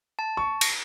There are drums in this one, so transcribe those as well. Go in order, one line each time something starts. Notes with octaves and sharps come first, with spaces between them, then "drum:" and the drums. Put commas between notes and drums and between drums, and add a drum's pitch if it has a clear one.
A5
C#6
drum: cymbal